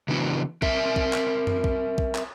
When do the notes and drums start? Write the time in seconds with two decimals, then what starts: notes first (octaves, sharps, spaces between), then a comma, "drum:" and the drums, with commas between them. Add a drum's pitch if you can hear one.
0.08 C#3 E3 B3 D4 F#4
0.62 C4 A#4 E5, drum: kick
0.96 drum: kick
1.13 drum: clap
1.47 drum: tom F#2
1.64 drum: kick
1.98 drum: kick
2.15 drum: clap